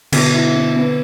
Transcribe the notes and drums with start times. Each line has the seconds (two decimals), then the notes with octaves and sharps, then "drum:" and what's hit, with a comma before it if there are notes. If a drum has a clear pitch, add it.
0.12 B2 D3, drum: cymbal
0.34 E4
0.55 C4
0.76 B3